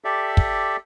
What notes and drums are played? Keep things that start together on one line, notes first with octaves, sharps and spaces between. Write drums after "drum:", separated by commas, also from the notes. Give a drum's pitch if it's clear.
G4 A4 D5 E5
drum: kick